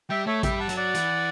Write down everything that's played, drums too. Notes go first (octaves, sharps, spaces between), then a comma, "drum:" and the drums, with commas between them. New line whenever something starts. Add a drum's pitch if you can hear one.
G3 E5 G5
A3 C#5 E5
G3 E5 G5, drum: kick A1, hi-hat
B5
F#5 A5
F#3, drum: hi-hat
D5 F#5
E3, drum: hi-hat